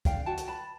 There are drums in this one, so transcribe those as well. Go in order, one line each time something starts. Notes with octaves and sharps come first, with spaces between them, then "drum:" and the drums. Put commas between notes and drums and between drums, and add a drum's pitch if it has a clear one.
D4 F5 G5, drum: kick, hi-hat
F#4 G5 A5
drum: hi-hat
B4 A5 B5